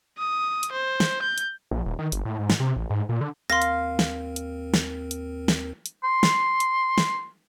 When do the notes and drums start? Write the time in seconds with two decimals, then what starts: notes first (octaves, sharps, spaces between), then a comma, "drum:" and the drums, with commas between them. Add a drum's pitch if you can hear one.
0.18 D#6
0.63 drum: hi-hat
0.72 C5
1.00 drum: snare
1.22 G6
1.38 drum: hi-hat
1.71 A#1
1.86 D#1
1.99 D#3
2.12 G1, drum: hi-hat
2.25 A2
2.39 G#2
2.50 drum: snare
2.60 C3
2.76 A1
2.90 G#2
3.09 A#2
3.21 D3
3.50 D#2 C4 A#4 F5 C6 A#6
3.62 drum: hi-hat
3.99 drum: snare
4.36 drum: hi-hat
4.74 drum: snare
5.11 drum: hi-hat
5.48 drum: snare
5.86 drum: hi-hat
6.04 C6
6.23 drum: snare
6.60 drum: hi-hat
6.98 drum: snare